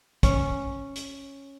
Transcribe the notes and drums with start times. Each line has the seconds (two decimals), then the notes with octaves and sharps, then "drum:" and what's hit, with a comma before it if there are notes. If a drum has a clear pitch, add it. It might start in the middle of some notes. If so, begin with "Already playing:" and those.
0.23 C#4, drum: kick, hi-hat
0.96 drum: hi-hat